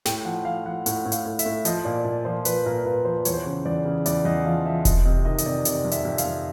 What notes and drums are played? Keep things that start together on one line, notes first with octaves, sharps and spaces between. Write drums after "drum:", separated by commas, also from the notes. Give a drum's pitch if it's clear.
A2 G5, drum: snare
F3 F#5
F3 F5
F3 F#5
A2 F#5, drum: hi-hat
A2
F5, drum: hi-hat
A2
E5, drum: hi-hat
A2
F3 D#5, drum: hi-hat
A#2 D5
A#2
F3 C5
F3 B4, drum: hi-hat
A#2 A#4
A#2 B4
F3 C5
E2 C#5, drum: hi-hat
C5
C#5
C#3
E2 D5
C#3
E2 D5, drum: hi-hat
E2 D#5
F3 F5
F3 E5
F2 D#5, drum: kick E1, hi-hat
C3 D#5
D#3 D#5
D#5, drum: hi-hat
C3 D5
C3 D5, drum: hi-hat
F2
E5, drum: hi-hat
F2
F5, drum: hi-hat
F2